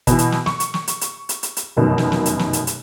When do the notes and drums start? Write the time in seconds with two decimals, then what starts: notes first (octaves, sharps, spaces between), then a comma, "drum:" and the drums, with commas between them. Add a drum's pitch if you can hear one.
0.07 B2 E3, drum: kick, hi-hat
0.19 drum: hi-hat
0.32 drum: snare
0.46 C#6, drum: snare
0.60 drum: hi-hat
0.74 drum: snare
0.88 drum: hi-hat
1.01 drum: hi-hat
1.29 drum: hi-hat
1.43 drum: hi-hat
1.57 drum: hi-hat
1.77 F1 F#2 B2 D#3
1.98 drum: snare
2.12 drum: snare
2.26 drum: hi-hat
2.39 drum: snare
2.53 drum: hi-hat
2.67 drum: hi-hat